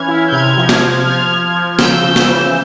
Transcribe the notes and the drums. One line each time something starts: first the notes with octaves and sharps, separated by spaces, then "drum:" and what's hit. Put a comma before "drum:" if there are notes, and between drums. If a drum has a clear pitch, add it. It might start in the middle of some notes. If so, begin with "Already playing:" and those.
Already playing: E3 C#4 F6 G#6
E4
G6
C3 F6 G#6
F3
drum: snare
F3
F3 F6 G#6
F3
F3
C#3 E6 G6, drum: snare
C#3
drum: snare
E3